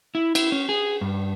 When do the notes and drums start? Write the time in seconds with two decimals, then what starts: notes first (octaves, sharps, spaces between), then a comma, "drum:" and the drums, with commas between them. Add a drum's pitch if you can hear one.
0.15 E4
0.35 E4, drum: cymbal
0.52 C#4
0.69 G#4
1.01 G2